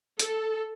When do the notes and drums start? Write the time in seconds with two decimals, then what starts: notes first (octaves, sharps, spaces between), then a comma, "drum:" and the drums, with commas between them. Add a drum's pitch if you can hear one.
0.19 A4, drum: hi-hat